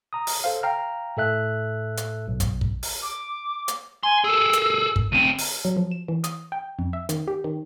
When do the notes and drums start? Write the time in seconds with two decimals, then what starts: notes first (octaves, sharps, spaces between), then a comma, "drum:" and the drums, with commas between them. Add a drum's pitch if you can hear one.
0.13 A#5 D#6
0.27 drum: open hi-hat
0.44 A4 C5 F5
0.63 F5 G5 A#5 F6
1.17 A2 A4 E5 F#6
1.97 drum: hi-hat
2.28 B1
2.40 drum: kick, hi-hat
2.61 drum: kick
2.83 drum: open hi-hat
3.02 D6
3.68 drum: hi-hat
4.03 G#5 C6
4.24 G#4 A4 E6
4.53 drum: hi-hat
4.96 drum: kick
5.12 D2 C4 D#7
5.38 drum: open hi-hat
5.65 F#3
5.77 F3
5.91 E7
6.08 E3
6.24 D#6, drum: hi-hat
6.52 G5
6.79 F2
6.93 E5
7.09 D#3, drum: hi-hat
7.28 G4
7.44 D#3